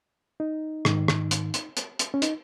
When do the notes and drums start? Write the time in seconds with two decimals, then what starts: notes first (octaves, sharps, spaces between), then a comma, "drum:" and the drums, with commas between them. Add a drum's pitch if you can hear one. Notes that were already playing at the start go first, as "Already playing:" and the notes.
0.40 D#4
0.85 G#2 D#3, drum: rim click
1.08 drum: rim click
1.31 drum: hi-hat
1.54 drum: hi-hat
1.77 drum: hi-hat
1.99 drum: hi-hat
2.14 C#4
2.22 D#4, drum: hi-hat